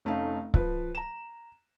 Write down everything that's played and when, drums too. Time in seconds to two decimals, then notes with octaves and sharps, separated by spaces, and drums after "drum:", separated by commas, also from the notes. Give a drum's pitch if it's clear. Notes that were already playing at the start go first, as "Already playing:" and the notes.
0.05 F1 A3 C#4 D#4 F5
0.54 F3 B4, drum: kick C#1
0.95 A#5 E7